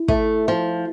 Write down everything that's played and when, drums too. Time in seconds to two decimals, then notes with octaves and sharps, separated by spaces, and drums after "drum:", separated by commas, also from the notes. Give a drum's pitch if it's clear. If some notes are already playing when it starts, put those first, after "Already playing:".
Already playing: E4
0.08 A3, drum: kick
0.48 F3